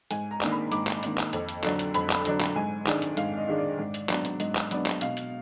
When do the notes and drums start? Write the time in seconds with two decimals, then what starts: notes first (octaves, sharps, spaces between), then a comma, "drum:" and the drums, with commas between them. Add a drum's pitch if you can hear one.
0.11 G#2 G#5, drum: hi-hat
0.31 A#5
0.41 D#3 A#3 D4, drum: clap
0.51 B5
0.72 G#2 D6, drum: hi-hat
0.87 drum: clap
1.03 D#3 A#3 D4, drum: hi-hat
1.18 drum: clap
1.33 F2, drum: hi-hat
1.49 drum: hi-hat
1.64 D3 F#3 D4, drum: clap
1.79 drum: hi-hat
1.94 F2 B5, drum: hi-hat
2.10 drum: clap
2.25 D3 F#3 D4, drum: hi-hat
2.41 drum: clap
2.56 G#2 G#5
2.87 D#3 G#3 D4, drum: clap
3.02 drum: hi-hat
3.17 G#2 F5, drum: hi-hat
3.38 D#5
3.48 D#3 G#3 D4
3.58 D5
3.79 G#2
3.94 drum: hi-hat
4.09 F#3 B3 D4, drum: clap
4.25 drum: hi-hat
4.40 G#2 D#5, drum: hi-hat
4.55 drum: clap
4.71 F#3 B3 D4, drum: hi-hat
4.86 drum: clap
5.01 B2 F5, drum: hi-hat
5.17 drum: hi-hat